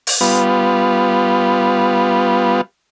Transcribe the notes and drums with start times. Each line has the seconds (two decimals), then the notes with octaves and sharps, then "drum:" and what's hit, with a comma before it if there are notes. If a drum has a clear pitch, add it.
0.07 drum: open hi-hat
0.21 G3 B3 F4